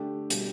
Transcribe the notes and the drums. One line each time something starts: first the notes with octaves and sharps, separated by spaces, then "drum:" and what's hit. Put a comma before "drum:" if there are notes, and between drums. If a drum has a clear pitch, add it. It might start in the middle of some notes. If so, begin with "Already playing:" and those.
Already playing: D3 A3 D4 G4
B2 G3, drum: hi-hat